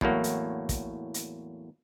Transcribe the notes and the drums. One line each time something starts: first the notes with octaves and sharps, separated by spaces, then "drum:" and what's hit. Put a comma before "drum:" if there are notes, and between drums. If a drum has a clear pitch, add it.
E2 A2 F#3 A#3, drum: kick
drum: hi-hat
drum: kick, hi-hat
drum: hi-hat